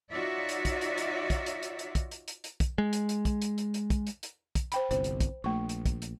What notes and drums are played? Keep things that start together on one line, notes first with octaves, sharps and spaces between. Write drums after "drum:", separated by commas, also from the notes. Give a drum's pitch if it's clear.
D#4 F4 F#4 C#5 D5 E5
drum: hi-hat
drum: kick, hi-hat
drum: hi-hat
drum: hi-hat
drum: kick, hi-hat
drum: hi-hat
drum: hi-hat
drum: hi-hat
drum: kick, hi-hat
drum: hi-hat
drum: hi-hat
drum: hi-hat
drum: kick, hi-hat
G#3
drum: hi-hat
drum: hi-hat
drum: kick, hi-hat
drum: hi-hat
drum: hi-hat
drum: hi-hat
drum: kick, hi-hat
drum: hi-hat
drum: hi-hat
drum: kick, hi-hat
C5 G5 B5, drum: hi-hat
G1 C2 C5, drum: hi-hat
drum: hi-hat
drum: kick, hi-hat
A#1 A3 C#6
drum: hi-hat
drum: kick, hi-hat
drum: hi-hat